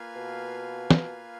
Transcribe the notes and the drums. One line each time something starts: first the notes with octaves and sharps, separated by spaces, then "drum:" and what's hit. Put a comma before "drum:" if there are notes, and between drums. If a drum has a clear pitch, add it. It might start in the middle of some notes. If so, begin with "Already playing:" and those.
Already playing: A#3 F4 B4 F5 G#5
B2
drum: snare